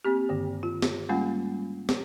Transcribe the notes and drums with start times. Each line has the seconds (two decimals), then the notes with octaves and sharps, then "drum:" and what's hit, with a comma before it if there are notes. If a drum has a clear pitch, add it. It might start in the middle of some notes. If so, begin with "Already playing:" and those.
0.05 A#3 C4 G4
0.29 G2 D3 D#3
0.63 F4
0.82 drum: snare
1.09 G3 G#3 A#3 C#4 F4
1.89 drum: snare